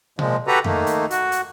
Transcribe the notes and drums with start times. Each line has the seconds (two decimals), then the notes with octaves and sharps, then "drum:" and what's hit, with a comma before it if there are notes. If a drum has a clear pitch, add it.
0.19 A#2 F3 G#3, drum: tom B2
0.47 F#4 G4 A4 B4 A#5
0.64 D#3 A3 A#3, drum: tom F2
0.87 drum: hi-hat
1.10 F#4, drum: hi-hat
1.32 drum: hi-hat